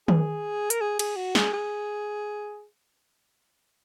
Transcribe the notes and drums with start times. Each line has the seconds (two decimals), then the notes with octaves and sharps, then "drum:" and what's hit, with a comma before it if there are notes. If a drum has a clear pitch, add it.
0.08 G#4, drum: tom D#3
0.70 A#4, drum: hi-hat
0.81 G#4
0.99 G#4, drum: cymbal
1.16 F#4
1.35 G#4, drum: snare
1.53 G#4